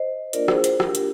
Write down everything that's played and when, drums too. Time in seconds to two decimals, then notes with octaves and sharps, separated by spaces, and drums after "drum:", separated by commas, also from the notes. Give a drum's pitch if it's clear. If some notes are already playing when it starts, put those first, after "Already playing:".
Already playing: C5 D#5
0.33 A#3 D4 F4 A#4 D5, drum: hi-hat
0.48 G#4 C5, drum: rim click
0.64 G#4 C5, drum: hi-hat
0.80 G4 A#4, drum: rim click
0.95 drum: hi-hat